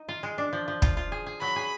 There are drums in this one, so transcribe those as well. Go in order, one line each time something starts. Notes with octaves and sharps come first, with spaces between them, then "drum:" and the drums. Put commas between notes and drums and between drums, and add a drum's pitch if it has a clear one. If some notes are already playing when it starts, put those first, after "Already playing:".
Already playing: D#4
F4
G#3
D4
F3
F3
F4, drum: kick
F4
G#4
G#4
F#3 B5
G#4